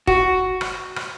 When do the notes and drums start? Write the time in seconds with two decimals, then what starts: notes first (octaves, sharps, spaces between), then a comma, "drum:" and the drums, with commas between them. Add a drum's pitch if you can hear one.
0.07 F#4, drum: kick
0.61 drum: rim click
0.96 drum: rim click